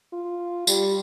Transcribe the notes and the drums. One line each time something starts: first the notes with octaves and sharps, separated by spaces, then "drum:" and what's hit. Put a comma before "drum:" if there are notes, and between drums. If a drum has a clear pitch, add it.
F4
G3, drum: tambourine